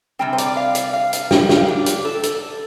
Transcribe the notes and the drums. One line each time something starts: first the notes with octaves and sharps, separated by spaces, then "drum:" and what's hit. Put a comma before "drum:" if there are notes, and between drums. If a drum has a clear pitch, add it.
C3 G3 C4 G5
C5
D5, drum: hi-hat
F5
D5, drum: hi-hat
F5
A5, drum: hi-hat
G5, drum: snare
F5, drum: snare
D4
G4, drum: hi-hat
A4
A4, drum: hi-hat